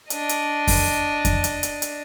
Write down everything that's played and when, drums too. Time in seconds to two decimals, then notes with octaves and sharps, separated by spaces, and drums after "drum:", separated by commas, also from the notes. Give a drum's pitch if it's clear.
0.10 D4 D#5, drum: hi-hat
0.29 drum: hi-hat
0.67 drum: kick F2, open hi-hat
1.25 drum: kick F2, hi-hat
1.44 drum: hi-hat
1.63 drum: hi-hat
1.82 drum: hi-hat